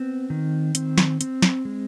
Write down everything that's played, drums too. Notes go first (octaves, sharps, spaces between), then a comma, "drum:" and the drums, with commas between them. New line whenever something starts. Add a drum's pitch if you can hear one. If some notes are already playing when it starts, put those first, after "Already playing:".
Already playing: B3 C4
D#3
C4, drum: hi-hat
drum: snare
C4, drum: hi-hat
drum: snare
G#3